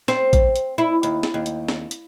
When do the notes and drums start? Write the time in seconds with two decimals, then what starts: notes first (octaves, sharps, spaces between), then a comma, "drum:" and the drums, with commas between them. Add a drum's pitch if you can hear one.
0.08 C4, drum: snare
0.33 drum: kick, hi-hat
0.56 drum: hi-hat
0.78 E4
1.03 D#2, drum: hi-hat
1.23 drum: snare
1.34 D#2
1.46 drum: hi-hat
1.68 drum: snare
1.91 drum: hi-hat